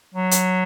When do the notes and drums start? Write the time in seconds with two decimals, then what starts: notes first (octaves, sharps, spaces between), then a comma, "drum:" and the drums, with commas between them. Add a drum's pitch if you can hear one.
0.14 F#3
0.31 drum: hi-hat